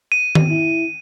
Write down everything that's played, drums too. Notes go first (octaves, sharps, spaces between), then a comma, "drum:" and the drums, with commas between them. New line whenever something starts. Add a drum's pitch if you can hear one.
D#7
drum: tom D#3
E4